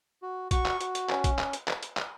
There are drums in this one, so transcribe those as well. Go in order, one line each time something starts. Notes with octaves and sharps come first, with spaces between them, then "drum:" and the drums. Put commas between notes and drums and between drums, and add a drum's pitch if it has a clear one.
F#4
F#4 C#6, drum: kick, hi-hat
drum: clap
F#4, drum: hi-hat
drum: hi-hat
C#4, drum: clap
drum: kick, hi-hat
drum: clap
drum: hi-hat
drum: clap
drum: hi-hat
drum: clap